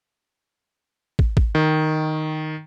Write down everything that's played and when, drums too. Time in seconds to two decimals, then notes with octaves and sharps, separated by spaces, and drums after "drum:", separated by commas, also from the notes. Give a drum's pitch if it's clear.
1.19 drum: kick
1.37 drum: kick
1.55 D#3